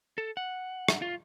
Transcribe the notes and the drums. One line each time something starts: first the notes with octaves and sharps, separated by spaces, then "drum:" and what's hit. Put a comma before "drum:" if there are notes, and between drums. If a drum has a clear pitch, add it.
A4
F#5
drum: rim click
F4